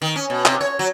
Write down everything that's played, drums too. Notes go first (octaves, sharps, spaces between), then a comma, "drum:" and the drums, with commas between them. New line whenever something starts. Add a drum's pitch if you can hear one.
D#3
C#4
B2
C3, drum: clap
C#5
F#3